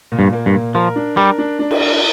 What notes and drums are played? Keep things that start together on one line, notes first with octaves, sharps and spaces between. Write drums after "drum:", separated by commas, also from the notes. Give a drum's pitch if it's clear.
A#2
G2
A#3
G2
A#2
F3 A#4
D4
G3 A#4
D4
D4
drum: cymbal
A#4